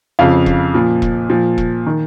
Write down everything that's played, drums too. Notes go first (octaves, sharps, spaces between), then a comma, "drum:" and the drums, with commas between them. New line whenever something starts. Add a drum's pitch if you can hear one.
F2 C#3 F3 F5
drum: kick E1
A#2 F3
drum: kick E1
A#2 F3
drum: kick E1
D#3